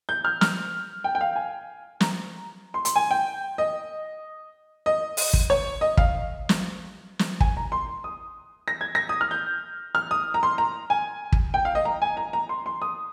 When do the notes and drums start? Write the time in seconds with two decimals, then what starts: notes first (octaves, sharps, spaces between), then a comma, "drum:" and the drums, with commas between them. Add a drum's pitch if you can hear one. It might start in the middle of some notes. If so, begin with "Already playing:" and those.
0.09 G6
0.25 F6
0.41 F6, drum: snare
1.04 G5
1.15 G5
1.21 F5
1.36 G#5
2.00 A#5, drum: snare
2.74 C6
2.85 C6, drum: hi-hat
2.96 G#5
3.11 G5
3.58 D#5
4.86 D#5
5.17 drum: open hi-hat
5.33 drum: kick
5.50 C#5
5.81 D#5
5.97 F5, drum: kick
6.49 drum: snare
7.19 drum: snare
7.40 G#5, drum: kick
7.57 A#5
7.72 C6
8.04 D#6
8.68 A#6
8.81 G#6
8.95 A#6
9.09 D#6
9.21 F6
9.31 G6
9.95 F6
10.11 D#6
10.34 A#5
10.43 C6
10.58 A#5
10.90 G#5
11.32 drum: kick
11.54 G5
11.65 F5
11.75 D#5
11.85 A#5
12.02 G#5
12.17 A#5
12.33 A#5
12.49 C6
12.66 C6
12.82 D#6